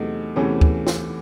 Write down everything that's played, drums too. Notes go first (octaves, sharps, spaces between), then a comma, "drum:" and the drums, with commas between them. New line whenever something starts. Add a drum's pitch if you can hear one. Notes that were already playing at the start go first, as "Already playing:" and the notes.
Already playing: E2 C3 F#3 A3 D#4
E2 C3 E3 A3 C#4
drum: kick D2
drum: snare